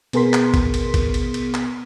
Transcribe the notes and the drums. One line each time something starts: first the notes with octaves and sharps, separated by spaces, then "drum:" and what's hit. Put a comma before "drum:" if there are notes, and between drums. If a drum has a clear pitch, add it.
B2 B3 G#4 A#4 C6 B6, drum: cymbal
drum: clap
drum: kick A1, cymbal
drum: cymbal
drum: kick A1, cymbal
drum: cymbal
drum: cymbal
drum: clap